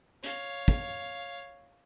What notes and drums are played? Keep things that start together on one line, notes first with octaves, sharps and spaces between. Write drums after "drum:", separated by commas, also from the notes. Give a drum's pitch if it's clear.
C#5 F5, drum: hi-hat
drum: kick